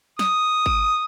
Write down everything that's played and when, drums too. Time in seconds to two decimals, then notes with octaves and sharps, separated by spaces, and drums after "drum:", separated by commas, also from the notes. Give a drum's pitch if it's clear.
0.19 D#6, drum: snare
0.66 drum: kick G#1